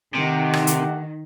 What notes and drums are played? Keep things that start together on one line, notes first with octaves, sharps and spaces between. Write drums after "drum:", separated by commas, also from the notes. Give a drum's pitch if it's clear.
C3 D#3 A3 G4 F#5
drum: rim click
drum: hi-hat